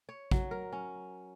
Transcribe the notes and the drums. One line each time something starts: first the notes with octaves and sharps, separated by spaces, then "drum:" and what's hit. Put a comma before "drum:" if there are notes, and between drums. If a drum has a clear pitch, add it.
C#5
F#3, drum: kick
A#4
C#4